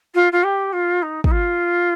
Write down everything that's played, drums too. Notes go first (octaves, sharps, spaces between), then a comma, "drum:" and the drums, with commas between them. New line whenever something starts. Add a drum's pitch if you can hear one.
F4
F4
G4
F4
D#4
D#4, drum: kick
F4